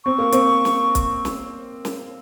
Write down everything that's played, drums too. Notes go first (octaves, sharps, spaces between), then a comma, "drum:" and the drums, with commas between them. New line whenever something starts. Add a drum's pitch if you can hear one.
C4 C#6
A#3
C4, drum: hi-hat
drum: snare
drum: kick, hi-hat
drum: snare
drum: snare